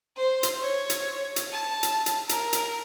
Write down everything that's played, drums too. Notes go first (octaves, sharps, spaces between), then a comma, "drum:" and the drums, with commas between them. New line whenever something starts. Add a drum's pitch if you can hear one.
C5
drum: hi-hat
C#5
drum: hi-hat
drum: hi-hat
A5
drum: hi-hat
drum: hi-hat
A#4, drum: hi-hat
drum: hi-hat